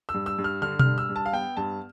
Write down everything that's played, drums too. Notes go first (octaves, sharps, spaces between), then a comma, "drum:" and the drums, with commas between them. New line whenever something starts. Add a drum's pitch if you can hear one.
E6
G2
E6
G2
F6
D3 F6
F6, drum: tom B2
G2
E6
G2
A5
F5
B3 G5
G2 A5